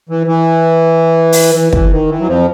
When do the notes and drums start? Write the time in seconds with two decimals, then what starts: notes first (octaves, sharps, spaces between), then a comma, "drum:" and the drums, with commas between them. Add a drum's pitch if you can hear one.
0.09 E3
0.27 E3
1.32 drum: open hi-hat
1.55 E3
1.73 E3, drum: kick
1.91 D#3
2.09 E3
2.20 F#3
2.27 F2 F3